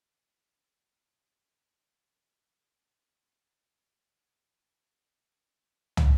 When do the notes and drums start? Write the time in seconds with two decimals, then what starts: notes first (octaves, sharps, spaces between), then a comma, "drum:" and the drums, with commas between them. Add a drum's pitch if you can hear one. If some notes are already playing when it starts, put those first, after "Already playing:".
0.14 B4 C#5 E5 F5 A5 E6
3.08 D#2 D#4
5.08 C#2
5.46 D4
5.97 drum: tom